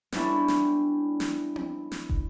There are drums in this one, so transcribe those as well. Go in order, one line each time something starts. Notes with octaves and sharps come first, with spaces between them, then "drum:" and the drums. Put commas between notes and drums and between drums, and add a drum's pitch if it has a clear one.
G3 B3 C#4 D4 E4, drum: snare
drum: snare
drum: snare
drum: tom C4
drum: snare
drum: kick